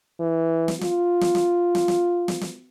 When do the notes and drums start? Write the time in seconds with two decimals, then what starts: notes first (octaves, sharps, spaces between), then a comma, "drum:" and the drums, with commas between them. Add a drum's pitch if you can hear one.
0.20 E3
0.68 drum: snare
0.81 F4, drum: snare
1.21 drum: snare
1.35 drum: snare
1.75 drum: snare
1.88 drum: snare
2.28 drum: snare
2.41 drum: snare